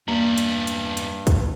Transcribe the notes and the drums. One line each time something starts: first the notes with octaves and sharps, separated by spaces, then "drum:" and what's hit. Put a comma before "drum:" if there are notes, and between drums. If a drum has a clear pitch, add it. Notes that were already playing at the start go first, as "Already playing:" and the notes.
E2 G2 G3 A#3
drum: hi-hat
drum: hi-hat
drum: hi-hat
drum: kick, hi-hat